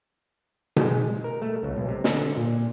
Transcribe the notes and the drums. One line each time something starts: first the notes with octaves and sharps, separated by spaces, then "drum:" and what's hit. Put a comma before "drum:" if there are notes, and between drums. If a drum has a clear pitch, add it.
G#3, drum: tom B2
A#4
A3
C#2
B1
C3
D3, drum: snare
A#2